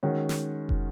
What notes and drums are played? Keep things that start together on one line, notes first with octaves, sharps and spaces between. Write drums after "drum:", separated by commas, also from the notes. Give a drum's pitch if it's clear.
D#3 G#3 C#4 F#4
drum: snare
drum: kick